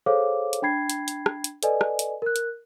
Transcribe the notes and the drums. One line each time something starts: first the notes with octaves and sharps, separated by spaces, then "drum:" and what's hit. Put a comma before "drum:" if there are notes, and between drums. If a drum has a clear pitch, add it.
G#4 A4 C5 C#5 F5 D6
drum: hi-hat
D4 G5 B5 G#6 C7
drum: hi-hat
drum: hi-hat
drum: rim click
drum: hi-hat
A4 B4 D5 D#5 G#5, drum: hi-hat
drum: rim click
drum: hi-hat
A#4 F#6
drum: hi-hat